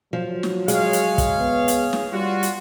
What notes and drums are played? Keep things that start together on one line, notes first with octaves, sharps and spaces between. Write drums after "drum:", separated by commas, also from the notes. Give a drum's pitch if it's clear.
F3 F#3
drum: snare
G#3 G#4 C#5 F5, drum: hi-hat
drum: hi-hat
drum: kick, hi-hat
B3
drum: hi-hat
drum: snare
G3 F4 F#4
drum: hi-hat